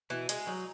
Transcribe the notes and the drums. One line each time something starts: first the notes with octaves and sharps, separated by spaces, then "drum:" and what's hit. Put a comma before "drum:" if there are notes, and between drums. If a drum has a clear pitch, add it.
B2 E3
G#3, drum: hi-hat
F#3 D#4